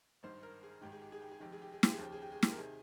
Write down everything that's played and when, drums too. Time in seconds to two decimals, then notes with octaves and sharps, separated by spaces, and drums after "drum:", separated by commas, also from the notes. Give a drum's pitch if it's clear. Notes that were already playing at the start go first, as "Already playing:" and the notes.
0.23 G#1 G2 D#3 C5
0.43 A#4
0.63 G#4
0.81 G#1 G#2 D#3 G4
0.92 G#4
1.02 G4
1.12 G#4
1.22 G4
1.31 G#4
1.40 F1 F2 D#3 G4
1.52 G#4
1.62 G4
1.72 G#4
1.83 G4, drum: snare
1.92 G#4
1.98 D#2 C#3 F3 G4
2.12 G#4
2.22 G4
2.32 G#4
2.43 G4, drum: snare
2.51 A#4
2.57 C3 D#3 G#4